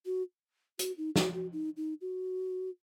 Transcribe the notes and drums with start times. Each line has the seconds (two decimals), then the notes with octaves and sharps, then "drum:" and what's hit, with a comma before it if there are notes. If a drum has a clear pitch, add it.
0.06 F#4
0.79 F#4, drum: hi-hat
0.98 D#4
1.16 F#4, drum: snare
1.34 F#4
1.53 D#4
1.77 D#4
2.01 F#4